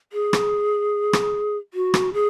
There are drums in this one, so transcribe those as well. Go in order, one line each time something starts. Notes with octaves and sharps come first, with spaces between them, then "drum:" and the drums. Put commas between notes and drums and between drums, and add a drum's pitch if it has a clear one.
G#4
drum: rim click
drum: rim click
F#4
drum: rim click
G#4